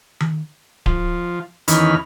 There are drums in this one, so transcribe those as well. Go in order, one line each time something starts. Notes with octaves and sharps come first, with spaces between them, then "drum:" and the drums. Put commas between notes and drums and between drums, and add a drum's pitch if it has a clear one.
drum: tom D#3
F3, drum: kick D1
E2 D#3 C#4 B5 F6, drum: hi-hat